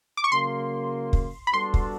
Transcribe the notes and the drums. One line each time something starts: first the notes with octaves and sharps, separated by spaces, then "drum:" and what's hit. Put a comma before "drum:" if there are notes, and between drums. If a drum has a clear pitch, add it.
D6
C#6
C#3 F#3 A#3 C6
drum: kick
B5
G3 B3 D4 F#4 A4 C6
drum: kick